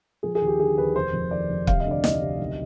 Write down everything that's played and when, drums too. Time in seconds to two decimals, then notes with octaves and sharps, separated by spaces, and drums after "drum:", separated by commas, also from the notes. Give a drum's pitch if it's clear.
0.23 F3 G#4
0.35 G#4
0.42 D#2
0.47 G4
0.60 D3 G#4
0.78 D#2 B4
0.96 F1 C5
1.13 F2
1.31 D#3 D5
1.50 F1
1.67 C3 F5, drum: kick
1.80 D#5
1.86 D2
1.91 D5
2.04 D2 D#5, drum: snare
2.22 C3
2.39 B1